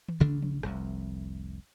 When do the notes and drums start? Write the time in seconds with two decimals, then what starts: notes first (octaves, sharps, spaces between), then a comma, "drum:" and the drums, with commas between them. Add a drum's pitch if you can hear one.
0.09 drum: tom D#3
0.20 A1 D2 C#3 D4
0.42 drum: tom F3
0.63 F1 C2 F2, drum: rim click